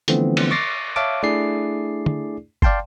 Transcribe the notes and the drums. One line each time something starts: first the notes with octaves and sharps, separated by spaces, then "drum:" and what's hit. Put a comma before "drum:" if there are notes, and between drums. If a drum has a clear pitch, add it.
D3 E3 F3 A3 B3 C4, drum: hi-hat
drum: cymbal
C#6 D6 A6 A#6 C7
C#5 E5 F5 A5 D6
A3 D4 E4 G#4 D5 C7
drum: tom
D5 F5 G5 A5 C6, drum: kick G1